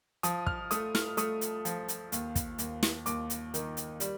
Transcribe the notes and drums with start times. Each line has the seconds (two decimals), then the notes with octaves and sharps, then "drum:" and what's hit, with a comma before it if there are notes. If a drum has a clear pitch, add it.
0.23 F3 D#6, drum: hi-hat
0.47 F6, drum: kick
0.71 A3 D#6, drum: hi-hat
0.95 F6, drum: snare
1.17 A3 D#6, drum: hi-hat
1.41 drum: hi-hat
1.65 F3, drum: hi-hat
1.88 drum: hi-hat
2.12 D#2, drum: hi-hat
2.36 drum: kick, hi-hat
2.58 D#2, drum: hi-hat
2.83 drum: snare
3.06 D#2 D6, drum: hi-hat
3.30 drum: hi-hat
3.54 D#3, drum: hi-hat
3.77 drum: hi-hat
4.00 G3, drum: hi-hat